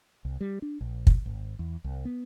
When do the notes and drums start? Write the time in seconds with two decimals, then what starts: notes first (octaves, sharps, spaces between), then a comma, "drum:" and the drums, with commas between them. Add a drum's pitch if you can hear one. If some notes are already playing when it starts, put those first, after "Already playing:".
0.25 C2
0.41 G3
0.62 D4
0.81 A#1
1.07 drum: kick
1.26 G#1
1.59 E2
1.84 C2
2.05 B3